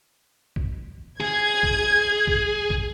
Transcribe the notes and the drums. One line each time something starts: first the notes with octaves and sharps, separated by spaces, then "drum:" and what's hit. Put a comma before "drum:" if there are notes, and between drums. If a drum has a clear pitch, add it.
drum: kick A#1
G#4 G#6, drum: snare
drum: kick A#1
drum: kick A#1
drum: kick A#1